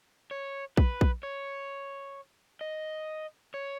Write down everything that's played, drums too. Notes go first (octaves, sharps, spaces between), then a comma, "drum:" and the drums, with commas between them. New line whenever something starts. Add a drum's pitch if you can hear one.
C#5
B4, drum: kick A#1
drum: kick A#1
C#5
D#5
C#5